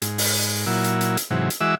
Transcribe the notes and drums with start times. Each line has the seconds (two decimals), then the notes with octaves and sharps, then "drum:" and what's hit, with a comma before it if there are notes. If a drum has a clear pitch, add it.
0.02 G#2, drum: hi-hat
0.18 drum: open hi-hat
0.67 A#2 F#3 E4
0.84 drum: hi-hat
1.01 drum: hi-hat
1.17 drum: hi-hat
1.31 G#2 C3 E3 F#3
1.50 drum: hi-hat
1.61 E3 G#3 F#4 E5 D6 E6